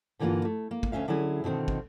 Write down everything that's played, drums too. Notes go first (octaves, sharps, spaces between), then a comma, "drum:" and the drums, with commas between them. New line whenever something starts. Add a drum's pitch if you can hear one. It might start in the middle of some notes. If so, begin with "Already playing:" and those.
G2 D3 E3 G#3 A#3 F4
A3
A#3
drum: kick
D2 B2 C#4 E5 F5
D3 F#3 C#4 E4 G#4
B2 D3 D#3 C4
drum: kick